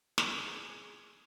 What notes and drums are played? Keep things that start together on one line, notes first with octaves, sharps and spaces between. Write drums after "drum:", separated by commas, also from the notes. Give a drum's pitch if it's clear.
G#4, drum: snare